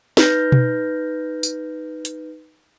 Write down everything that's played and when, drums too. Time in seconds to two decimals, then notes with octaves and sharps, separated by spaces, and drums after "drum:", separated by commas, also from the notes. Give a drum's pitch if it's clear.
0.17 D#4 B4 F6 G6 A#6, drum: snare
0.52 drum: tom B2
1.43 drum: tambourine
2.05 drum: hi-hat